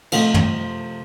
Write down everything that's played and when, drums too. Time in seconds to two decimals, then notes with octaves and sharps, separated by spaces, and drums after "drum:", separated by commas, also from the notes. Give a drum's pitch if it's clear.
0.12 C3 F3 A3 F5, drum: cymbal
0.34 drum: tom